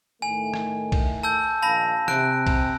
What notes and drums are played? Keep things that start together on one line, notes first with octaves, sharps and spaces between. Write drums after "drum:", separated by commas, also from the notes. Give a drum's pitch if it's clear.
A2 D#3 A3 G#5
drum: rim click
drum: kick B1, cymbal
A5 E6 G6
A#1 D#3 F5 A5 B5 A#6
C3 F#6 D7, drum: rim click
drum: kick B1, cymbal